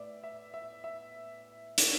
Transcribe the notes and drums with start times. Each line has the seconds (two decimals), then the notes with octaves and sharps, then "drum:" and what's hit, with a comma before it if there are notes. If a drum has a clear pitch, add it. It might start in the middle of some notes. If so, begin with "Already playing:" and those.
Already playing: A2 B3 D5 E5
0.24 E5
0.54 E5
0.84 E5
1.78 drum: hi-hat